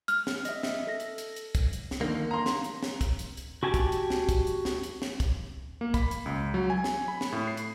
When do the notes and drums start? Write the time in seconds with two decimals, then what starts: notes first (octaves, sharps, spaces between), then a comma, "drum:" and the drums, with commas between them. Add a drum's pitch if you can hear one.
0.08 F6, drum: hi-hat
0.27 drum: snare
0.45 D#5 E5, drum: hi-hat
0.63 drum: snare
0.87 A4 A#6
1.00 drum: hi-hat
1.18 drum: hi-hat
1.36 drum: hi-hat
1.55 drum: kick, hi-hat
1.73 drum: hi-hat
1.91 drum: snare
2.01 D3 D#3 A#3
2.31 A#5 C6
2.46 drum: snare
2.64 drum: hi-hat
2.83 drum: snare
3.01 drum: kick, hi-hat
3.19 drum: hi-hat
3.37 drum: hi-hat
3.63 F#4 G4 G#5 A5
3.74 drum: kick, hi-hat
3.92 drum: hi-hat
4.10 drum: snare
4.29 drum: kick, hi-hat
4.47 drum: hi-hat
4.65 drum: snare
4.83 drum: hi-hat
5.02 drum: snare
5.20 drum: kick, hi-hat
5.81 A#3
5.94 B5, drum: kick, hi-hat
6.11 drum: hi-hat
6.26 C#2
6.54 F#3
6.70 G#5
6.84 drum: snare
7.08 B5
7.21 drum: snare
7.32 A2
7.47 C7
7.57 drum: hi-hat